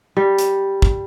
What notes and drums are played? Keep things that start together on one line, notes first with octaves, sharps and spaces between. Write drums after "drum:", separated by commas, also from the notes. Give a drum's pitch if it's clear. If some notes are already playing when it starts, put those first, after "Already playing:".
G3
drum: hi-hat
drum: kick